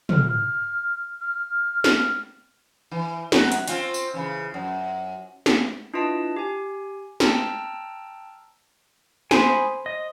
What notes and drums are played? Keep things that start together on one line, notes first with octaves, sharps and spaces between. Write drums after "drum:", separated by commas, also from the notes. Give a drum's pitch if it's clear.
F6, drum: tom
F6
drum: snare
E3
F#2 F#4, drum: snare
drum: hi-hat
C4 C#4 F4, drum: hi-hat
drum: tambourine
C#3 E3
F#2
drum: snare
D4 E4 F4 B4 D#5 A5
G4 G#5
G5 A5 A#5 E6 F6, drum: snare
C5 G#5 B5 D#6, drum: snare
D#5